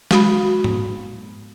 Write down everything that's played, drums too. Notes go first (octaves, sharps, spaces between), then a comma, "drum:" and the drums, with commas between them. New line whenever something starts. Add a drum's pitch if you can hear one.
G#3 F#4 B5, drum: snare
drum: tom G#2